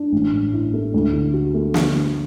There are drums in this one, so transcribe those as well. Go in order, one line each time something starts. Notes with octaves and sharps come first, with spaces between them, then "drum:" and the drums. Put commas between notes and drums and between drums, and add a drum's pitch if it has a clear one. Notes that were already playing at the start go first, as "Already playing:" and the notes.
Already playing: D4
A1
A2
E4
A3
D2
D3
F#4
A3
D3, drum: snare
A3